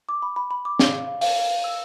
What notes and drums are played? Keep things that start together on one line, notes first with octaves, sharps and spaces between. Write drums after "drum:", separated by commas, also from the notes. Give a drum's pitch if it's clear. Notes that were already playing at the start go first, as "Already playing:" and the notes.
D6
B5
B5
B5
D6
F5, drum: snare
F5
F5
F5, drum: open hi-hat
F5
F5
E6